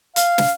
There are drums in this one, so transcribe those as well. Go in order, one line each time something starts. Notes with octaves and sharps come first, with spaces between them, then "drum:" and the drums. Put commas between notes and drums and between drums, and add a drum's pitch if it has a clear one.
F5, drum: hi-hat
drum: snare